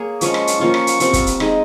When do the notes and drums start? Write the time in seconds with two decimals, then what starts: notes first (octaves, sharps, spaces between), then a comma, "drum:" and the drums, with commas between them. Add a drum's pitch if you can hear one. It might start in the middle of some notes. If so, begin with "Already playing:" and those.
Already playing: A#3 G#4 C#5
0.21 F3 G#3 C#4 C#6, drum: hi-hat
0.34 drum: rim click
0.47 drum: hi-hat
0.60 F3 A#3 C#4 F4 C#6
0.74 drum: rim click
0.87 drum: hi-hat
1.00 G3 C4 F4 A#4, drum: hi-hat
1.13 drum: kick, hi-hat
1.27 drum: hi-hat
1.40 G#3 D#4 G#4 D#5, drum: rim click